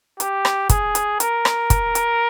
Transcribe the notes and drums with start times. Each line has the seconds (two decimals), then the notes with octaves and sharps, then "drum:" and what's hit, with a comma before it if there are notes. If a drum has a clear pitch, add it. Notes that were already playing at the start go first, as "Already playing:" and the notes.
0.20 G4, drum: hi-hat
0.45 drum: rim click
0.69 G#4, drum: kick, hi-hat
0.95 drum: hi-hat
1.20 A#4, drum: hi-hat
1.45 drum: rim click
1.70 drum: kick, hi-hat
1.95 drum: hi-hat